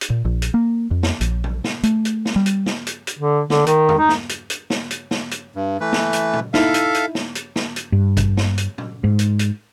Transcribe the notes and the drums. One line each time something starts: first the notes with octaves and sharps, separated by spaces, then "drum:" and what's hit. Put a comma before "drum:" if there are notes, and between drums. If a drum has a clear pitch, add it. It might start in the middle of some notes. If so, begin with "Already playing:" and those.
drum: hi-hat
A#2
A#1
drum: hi-hat
A#3
F2
drum: snare
A#1, drum: hi-hat
drum: tom A#2
drum: snare
A3, drum: hi-hat
drum: hi-hat
drum: snare
G3
drum: hi-hat
drum: snare
drum: hi-hat
drum: hi-hat
D3
D3, drum: snare
D#3, drum: hi-hat
drum: tom
D#4
drum: snare
drum: hi-hat
drum: hi-hat
drum: snare
drum: hi-hat
drum: snare
drum: hi-hat
G2
E3 A3 B4
drum: snare
drum: hi-hat
drum: tom A#2
D#4 E4 A4 E5 F5, drum: snare
drum: hi-hat
drum: hi-hat
drum: snare
drum: hi-hat
drum: snare
drum: hi-hat
G2
drum: kick G#1, hi-hat
drum: snare
drum: hi-hat
drum: tom A#2
G#2
drum: hi-hat
drum: hi-hat